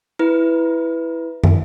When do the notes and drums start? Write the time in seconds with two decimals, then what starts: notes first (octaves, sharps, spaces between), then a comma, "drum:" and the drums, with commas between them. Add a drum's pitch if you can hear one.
0.19 E4 B4
1.44 drum: tom